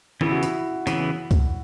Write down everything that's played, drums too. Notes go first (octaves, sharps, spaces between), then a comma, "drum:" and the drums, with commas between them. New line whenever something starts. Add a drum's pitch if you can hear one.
C#3 E3 B3 E4, drum: tom
F#4
E4, drum: hi-hat
C#3 E3 B3, drum: hi-hat
drum: kick C#2, hi-hat